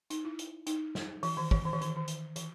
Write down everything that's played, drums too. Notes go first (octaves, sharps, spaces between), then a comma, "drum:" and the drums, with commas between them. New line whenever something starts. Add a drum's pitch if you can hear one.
D#4, drum: hi-hat
E4
drum: hi-hat
D#4, drum: hi-hat
drum: snare
E3, drum: open hi-hat
D#3
E3, drum: kick
D#3
E3
D#3, drum: hi-hat
E3
D#3
drum: hi-hat
E3, drum: hi-hat